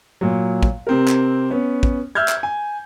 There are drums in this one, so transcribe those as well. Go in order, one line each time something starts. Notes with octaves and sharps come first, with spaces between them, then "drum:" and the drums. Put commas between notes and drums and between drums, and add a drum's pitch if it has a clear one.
A#2 F#3
drum: kick
C3 C4 A#4
drum: clap
B3 C#4
drum: kick
E5 E6 F6 G6 G#6
drum: clap
G#5